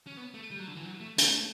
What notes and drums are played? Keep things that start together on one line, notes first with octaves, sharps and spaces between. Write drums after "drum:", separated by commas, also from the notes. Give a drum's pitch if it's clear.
C#4
B3
A3
G3
F#3
D3
E3
F#3
A3
A3, drum: hi-hat